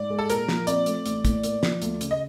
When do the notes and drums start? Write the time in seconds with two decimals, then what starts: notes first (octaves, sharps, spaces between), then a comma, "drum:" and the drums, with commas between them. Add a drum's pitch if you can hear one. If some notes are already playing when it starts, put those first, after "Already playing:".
Already playing: G#2 D5
0.10 G#3
0.19 A4
0.30 A#2 A#4, drum: hi-hat
0.49 F3, drum: snare
0.67 C4 D5, drum: hi-hat
0.86 A3, drum: hi-hat
1.06 A1, drum: hi-hat
1.25 A2, drum: kick, hi-hat
1.43 A#3, drum: hi-hat
1.63 F3, drum: snare
1.82 D2, drum: hi-hat
2.01 C#3, drum: hi-hat
2.11 D#5